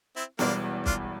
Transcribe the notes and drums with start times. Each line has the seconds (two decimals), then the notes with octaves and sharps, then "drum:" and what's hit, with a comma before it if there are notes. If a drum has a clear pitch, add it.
0.16 C4 E4
0.39 E1 E2 E3 G3 A#3 D4, drum: snare
0.86 D4 F4, drum: kick